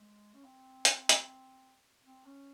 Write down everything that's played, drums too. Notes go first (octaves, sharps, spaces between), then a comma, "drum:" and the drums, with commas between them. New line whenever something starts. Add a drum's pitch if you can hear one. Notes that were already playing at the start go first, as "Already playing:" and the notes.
Already playing: G#3
C#4
C4
drum: hi-hat
drum: hi-hat
C4
C#4